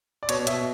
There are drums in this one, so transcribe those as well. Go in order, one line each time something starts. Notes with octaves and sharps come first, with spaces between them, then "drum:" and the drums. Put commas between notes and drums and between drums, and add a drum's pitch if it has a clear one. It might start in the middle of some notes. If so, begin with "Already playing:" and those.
D5
B2 C#5, drum: hi-hat
B2 E5, drum: hi-hat